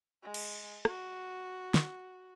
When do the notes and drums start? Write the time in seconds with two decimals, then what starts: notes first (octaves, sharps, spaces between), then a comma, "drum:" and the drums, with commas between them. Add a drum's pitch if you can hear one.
0.23 G#3
0.34 drum: cymbal
0.85 F#4, drum: rim click
1.74 drum: snare